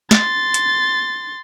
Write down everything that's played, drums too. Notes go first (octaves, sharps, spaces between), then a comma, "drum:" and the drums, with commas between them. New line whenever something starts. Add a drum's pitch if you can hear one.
C6 A6, drum: snare
drum: hi-hat